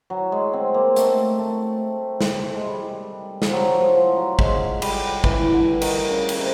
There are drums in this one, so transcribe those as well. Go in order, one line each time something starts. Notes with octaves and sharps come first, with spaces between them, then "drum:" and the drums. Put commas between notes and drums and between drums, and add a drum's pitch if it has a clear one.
F#3
G#3
C4
A#3
A3, drum: hi-hat
A3
drum: snare
G#3
G3
F3, drum: snare
F#3
F3
F3
F#3
G#3, drum: kick
G3, drum: cymbal
E3, drum: kick
D3
D#3, drum: cymbal
C#3
drum: cymbal
C3